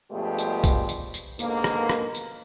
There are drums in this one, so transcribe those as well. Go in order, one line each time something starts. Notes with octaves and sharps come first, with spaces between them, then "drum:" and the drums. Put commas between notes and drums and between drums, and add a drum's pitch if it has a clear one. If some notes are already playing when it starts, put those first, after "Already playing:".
G2 B2 F3 G#3 A3 G4
drum: tambourine
drum: kick B1, tambourine
drum: tambourine
drum: tambourine
G#2 B2 D3 A#3, drum: tambourine
drum: rim click
drum: rim click
drum: tambourine